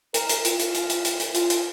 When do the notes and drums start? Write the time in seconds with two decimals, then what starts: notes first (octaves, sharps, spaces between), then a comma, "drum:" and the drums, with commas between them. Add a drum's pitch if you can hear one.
0.14 A#4, drum: hi-hat
0.29 drum: hi-hat
0.45 F4, drum: hi-hat
0.60 drum: hi-hat
0.75 drum: hi-hat
0.90 drum: hi-hat
1.05 drum: hi-hat
1.20 drum: hi-hat
1.35 F4, drum: hi-hat
1.50 drum: hi-hat